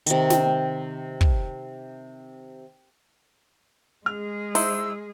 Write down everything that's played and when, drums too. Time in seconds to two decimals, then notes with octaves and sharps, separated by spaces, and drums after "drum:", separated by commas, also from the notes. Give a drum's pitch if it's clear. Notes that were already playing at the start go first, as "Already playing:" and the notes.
0.06 C3 D#3, drum: hi-hat
0.30 drum: snare
1.21 drum: kick
4.06 G#3 G#4 F6
4.55 D#4 E4 C5 E6, drum: open hi-hat